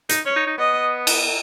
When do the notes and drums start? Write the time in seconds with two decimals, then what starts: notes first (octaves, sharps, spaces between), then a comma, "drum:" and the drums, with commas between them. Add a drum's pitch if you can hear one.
0.09 D#4, drum: hi-hat
0.25 C#4 C#5
0.36 D#4
0.47 D#4
0.58 B3 D#5
1.07 drum: cymbal